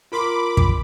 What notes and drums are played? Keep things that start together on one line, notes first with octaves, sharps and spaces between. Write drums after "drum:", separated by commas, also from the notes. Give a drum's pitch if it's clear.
F4 A#4 B5 C6 D6
drum: kick